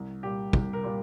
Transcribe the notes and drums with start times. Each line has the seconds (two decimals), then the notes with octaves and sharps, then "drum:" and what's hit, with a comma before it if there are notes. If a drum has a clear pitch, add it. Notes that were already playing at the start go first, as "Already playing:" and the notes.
Already playing: C2
0.23 A#2 G3 G4
0.53 C2, drum: kick
0.73 A#4
0.83 A#2 G3